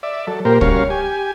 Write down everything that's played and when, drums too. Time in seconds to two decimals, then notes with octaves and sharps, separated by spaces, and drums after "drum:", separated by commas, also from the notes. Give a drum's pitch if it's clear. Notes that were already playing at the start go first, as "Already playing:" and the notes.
0.03 D5 E5
0.27 F#3 A4
0.45 A#2 A#3 G4 A#4 C5
0.61 G3 C#4 F#4 A#4 C#5 F5, drum: kick
0.90 G4 G#5